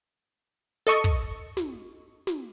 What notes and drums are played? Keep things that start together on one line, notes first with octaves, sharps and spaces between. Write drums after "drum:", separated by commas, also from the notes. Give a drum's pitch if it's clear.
A4 D#5 C#6
drum: kick
drum: snare
drum: snare